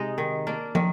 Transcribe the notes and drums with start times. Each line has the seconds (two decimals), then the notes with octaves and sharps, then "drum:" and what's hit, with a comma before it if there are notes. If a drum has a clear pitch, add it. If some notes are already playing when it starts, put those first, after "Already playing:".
Already playing: C3 G#3 D#4
0.18 D#3
0.47 A#3 D4
0.75 D#3, drum: tom